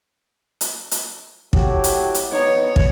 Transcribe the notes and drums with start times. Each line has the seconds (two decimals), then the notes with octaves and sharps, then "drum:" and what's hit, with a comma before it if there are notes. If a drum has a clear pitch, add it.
0.61 drum: hi-hat
0.91 drum: hi-hat
1.53 A2 F#3 G4, drum: kick
1.84 drum: hi-hat
2.14 drum: hi-hat
2.32 B3 D#4 C#5
2.76 drum: kick